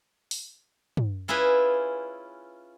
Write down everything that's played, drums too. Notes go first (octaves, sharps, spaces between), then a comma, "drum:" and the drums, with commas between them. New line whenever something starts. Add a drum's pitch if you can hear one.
drum: open hi-hat
drum: tom
C#4 E4 F4 G#4 B4